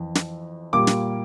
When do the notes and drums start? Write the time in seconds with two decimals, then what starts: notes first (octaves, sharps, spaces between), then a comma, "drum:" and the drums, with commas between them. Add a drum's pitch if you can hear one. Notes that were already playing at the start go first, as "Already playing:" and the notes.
Already playing: F2 E3
0.15 drum: snare
0.73 A#2 G3 A#3 D6
0.87 drum: snare